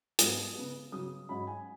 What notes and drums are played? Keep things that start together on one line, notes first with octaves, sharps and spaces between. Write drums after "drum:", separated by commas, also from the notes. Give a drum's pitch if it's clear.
G#2 F#3 B3 D#6, drum: hi-hat
C#3 B3
C#3 F#3 C#4 D#6
G#2 F#3 C#4 B5
G#5